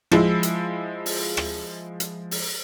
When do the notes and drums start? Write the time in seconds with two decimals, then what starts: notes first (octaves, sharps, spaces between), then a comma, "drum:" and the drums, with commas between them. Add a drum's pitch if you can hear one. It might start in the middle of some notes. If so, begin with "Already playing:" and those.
0.12 F3 G#3 E4, drum: rim click
0.43 drum: hi-hat
1.06 drum: open hi-hat
1.37 drum: rim click
2.00 drum: hi-hat
2.31 drum: open hi-hat